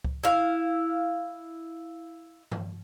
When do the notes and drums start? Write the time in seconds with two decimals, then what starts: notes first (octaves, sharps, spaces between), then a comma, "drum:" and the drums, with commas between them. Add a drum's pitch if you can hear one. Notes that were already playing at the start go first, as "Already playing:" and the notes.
0.04 drum: kick C#2
0.24 E4 F5
2.51 drum: tom G2